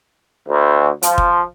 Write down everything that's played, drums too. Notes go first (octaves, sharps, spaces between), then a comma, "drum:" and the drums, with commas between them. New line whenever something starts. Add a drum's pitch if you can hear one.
D2
F3, drum: hi-hat
drum: kick